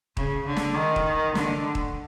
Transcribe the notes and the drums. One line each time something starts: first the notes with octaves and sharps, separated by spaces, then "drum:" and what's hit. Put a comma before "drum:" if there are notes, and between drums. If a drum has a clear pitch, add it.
C#3, drum: kick D#1
D3
drum: snare
D#3
drum: kick D#1
D3, drum: snare
drum: kick D#1